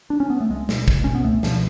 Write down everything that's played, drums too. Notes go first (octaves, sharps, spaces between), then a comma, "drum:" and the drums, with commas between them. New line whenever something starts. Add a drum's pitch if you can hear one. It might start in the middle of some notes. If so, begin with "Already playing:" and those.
D4
C#4
B3
A3
C#2 G#3
B2, drum: snare
C#2, drum: kick
B2 C#4
B3
C#2 A3
B2 F3, drum: snare